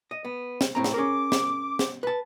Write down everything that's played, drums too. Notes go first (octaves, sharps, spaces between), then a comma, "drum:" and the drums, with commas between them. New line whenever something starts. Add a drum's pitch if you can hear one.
D#5
B3
drum: snare
A2 C4 A#5
drum: snare
C#4 G#4 A#4 D6
drum: snare
drum: snare
B4 A5